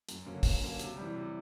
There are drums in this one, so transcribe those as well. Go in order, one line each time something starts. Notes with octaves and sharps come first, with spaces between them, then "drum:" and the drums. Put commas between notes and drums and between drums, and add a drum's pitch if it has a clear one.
F#2, drum: hi-hat
D3 F#3 A#3 C#4
F#2, drum: kick, open hi-hat
D3 F#3 A#3 C#4
C3, drum: hi-hat
E3 G3
C3